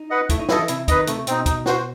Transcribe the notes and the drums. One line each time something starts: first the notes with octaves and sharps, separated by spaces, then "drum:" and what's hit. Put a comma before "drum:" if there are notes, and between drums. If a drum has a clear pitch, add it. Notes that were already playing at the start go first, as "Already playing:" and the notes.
Already playing: D#4
B4 D#5 F#5
A3 E4, drum: kick, hi-hat
D#4
F#3 E4 A4 D#5, drum: snare
E3
C3 E4, drum: hi-hat
D#3 B4 D#5, drum: kick, hi-hat
C3 A3, drum: hi-hat
B2 C4 D#4, drum: hi-hat
D#4, drum: kick, hi-hat
F#4 C5, drum: snare